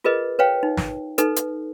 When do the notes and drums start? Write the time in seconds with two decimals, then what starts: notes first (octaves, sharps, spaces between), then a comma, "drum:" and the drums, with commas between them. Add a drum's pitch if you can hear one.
0.04 F4 G#4 A#4 B4 D#5
0.39 B4 C#5 F5 G5
0.63 D#4
0.77 drum: snare
1.18 D#4 A4 B4, drum: hi-hat
1.36 drum: hi-hat